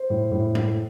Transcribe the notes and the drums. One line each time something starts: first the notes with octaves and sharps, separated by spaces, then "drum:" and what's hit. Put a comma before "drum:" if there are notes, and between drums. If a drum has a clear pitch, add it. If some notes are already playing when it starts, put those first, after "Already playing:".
Already playing: C5
A2
A2
A2, drum: tom G#3